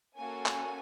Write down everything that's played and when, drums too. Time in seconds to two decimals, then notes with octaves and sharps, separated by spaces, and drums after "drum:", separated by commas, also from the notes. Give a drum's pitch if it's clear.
0.16 A#3 C#4 F#4 A4 G#5
0.46 drum: clap